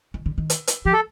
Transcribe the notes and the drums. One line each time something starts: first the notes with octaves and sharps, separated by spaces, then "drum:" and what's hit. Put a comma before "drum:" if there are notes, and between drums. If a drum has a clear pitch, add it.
D#3
D3
D#3
drum: hi-hat
drum: hi-hat
F3 G4
A4